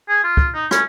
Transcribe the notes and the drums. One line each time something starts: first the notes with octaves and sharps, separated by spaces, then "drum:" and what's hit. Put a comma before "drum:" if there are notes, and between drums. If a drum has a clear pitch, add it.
G#4
F4
drum: kick
D#4
C#4, drum: rim click